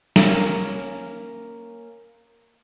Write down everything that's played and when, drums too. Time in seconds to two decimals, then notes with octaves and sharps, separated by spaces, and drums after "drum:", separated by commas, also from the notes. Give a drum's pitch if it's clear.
0.16 A#3 C#4 A#4, drum: snare